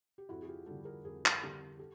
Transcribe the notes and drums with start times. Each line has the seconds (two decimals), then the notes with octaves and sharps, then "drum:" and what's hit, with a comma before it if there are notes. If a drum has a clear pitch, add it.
0.18 G4
0.29 F2 E4 F#4
0.42 G#4
0.48 F4 G4
0.66 D3 G3 G4 A4
0.85 G#4 A#4
1.04 F2 G#4 A#4
1.26 drum: clap
1.41 D3 G3 G4 A4
1.79 G4 A4